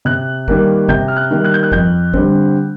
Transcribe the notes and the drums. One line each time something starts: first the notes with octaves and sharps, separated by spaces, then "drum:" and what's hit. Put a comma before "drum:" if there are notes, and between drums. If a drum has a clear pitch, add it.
C3 F#6
D#3 G3 A#3, drum: kick
C3 G6, drum: kick
F6
F#6
D#3 G3 A#3
F#6
G6
F#6
F2 G6, drum: kick
D3 G3 C4, drum: kick